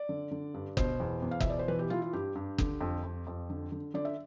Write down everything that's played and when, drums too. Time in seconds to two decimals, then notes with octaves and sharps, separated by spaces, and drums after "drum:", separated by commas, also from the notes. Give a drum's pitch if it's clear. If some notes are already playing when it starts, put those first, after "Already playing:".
Already playing: D5
0.09 D3
0.31 D3
0.54 G2
0.77 B2 C5, drum: kick F#1
1.00 E2
1.22 E2
1.31 F5
1.40 E5, drum: kick F#1
1.45 B2
1.50 D5
1.59 C5
1.68 E3 B4
1.79 G4
1.90 E3 F4
2.02 F4
2.13 G2 G4
2.35 G2
2.58 D3, drum: kick F#1
2.80 F2
3.04 F2
3.27 F2
3.50 D3
3.72 D3
3.94 D3 D5
4.05 E5